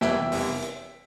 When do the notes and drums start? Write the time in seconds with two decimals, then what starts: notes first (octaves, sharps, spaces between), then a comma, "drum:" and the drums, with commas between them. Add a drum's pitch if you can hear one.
0.01 F1 E2 E3 G3 E5 G5, drum: snare
0.32 F1 E2 E3 G3, drum: open hi-hat
0.62 drum: hi-hat